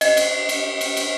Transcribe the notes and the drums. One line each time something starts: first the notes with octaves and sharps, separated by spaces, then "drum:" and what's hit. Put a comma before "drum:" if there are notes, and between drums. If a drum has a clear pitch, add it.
D#5, drum: cymbal
drum: cymbal
drum: cymbal
drum: cymbal
drum: cymbal